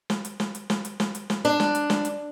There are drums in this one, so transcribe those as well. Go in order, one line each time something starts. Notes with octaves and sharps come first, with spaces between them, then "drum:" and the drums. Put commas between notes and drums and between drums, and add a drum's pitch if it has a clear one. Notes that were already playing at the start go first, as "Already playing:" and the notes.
drum: snare
drum: hi-hat
drum: snare
drum: hi-hat
drum: snare
drum: hi-hat
drum: snare
drum: hi-hat
drum: snare
D4
drum: snare
drum: hi-hat
drum: snare
drum: hi-hat